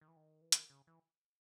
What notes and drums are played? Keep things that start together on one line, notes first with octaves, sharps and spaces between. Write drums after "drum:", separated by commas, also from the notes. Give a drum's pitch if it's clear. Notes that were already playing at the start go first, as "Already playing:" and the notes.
D#3
E3
D#3
E3
D#3, drum: hi-hat
C#3
E3